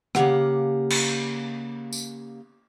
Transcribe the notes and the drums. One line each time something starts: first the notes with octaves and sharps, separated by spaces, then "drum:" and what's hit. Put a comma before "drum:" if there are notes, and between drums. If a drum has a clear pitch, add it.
C#3 F3 A#3 G4 F5 F#5, drum: rim click
drum: cymbal
drum: tambourine